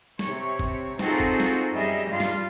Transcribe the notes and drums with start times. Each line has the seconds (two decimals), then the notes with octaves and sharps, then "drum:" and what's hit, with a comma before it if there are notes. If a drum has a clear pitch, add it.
0.19 C3 C#5, drum: snare
0.59 drum: kick
0.99 C4 D#4 F4 F#4 G#4 A4, drum: snare
1.20 drum: kick
1.40 drum: snare
1.73 F#2 G3 G#4 D#5 E5
2.09 G2 G3 F4 F5
2.20 drum: snare